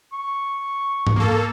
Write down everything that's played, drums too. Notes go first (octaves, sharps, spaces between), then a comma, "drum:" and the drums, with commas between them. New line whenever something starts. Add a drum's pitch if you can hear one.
C#6
drum: tom G#2
A#3 A4